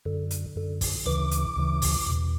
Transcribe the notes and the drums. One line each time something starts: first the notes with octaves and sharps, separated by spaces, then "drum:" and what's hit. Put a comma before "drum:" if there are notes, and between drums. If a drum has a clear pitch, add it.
F#2 D3
drum: hi-hat
F#2 D3
drum: kick, open hi-hat
D2 C#3 E3 D6
drum: hi-hat
D2 C#3 E3
drum: kick, open hi-hat
E2 B2